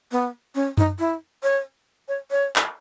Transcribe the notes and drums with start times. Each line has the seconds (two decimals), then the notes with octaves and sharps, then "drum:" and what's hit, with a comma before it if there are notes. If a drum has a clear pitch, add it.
0.12 B3
0.55 C#4
0.78 D#4, drum: tom F#2
0.99 E4
1.43 C#5
2.08 C#5
2.31 C#5
2.56 drum: clap